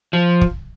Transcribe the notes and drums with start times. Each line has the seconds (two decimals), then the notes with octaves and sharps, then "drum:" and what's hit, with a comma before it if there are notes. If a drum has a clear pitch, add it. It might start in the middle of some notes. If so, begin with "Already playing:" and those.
0.13 F3
0.41 drum: kick